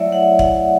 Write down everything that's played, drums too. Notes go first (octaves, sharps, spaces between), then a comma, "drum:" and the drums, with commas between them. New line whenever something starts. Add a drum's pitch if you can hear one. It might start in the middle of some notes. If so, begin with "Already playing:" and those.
Already playing: F#3 A3 E4 C#5 D5 E5
F#5
F#5, drum: kick E1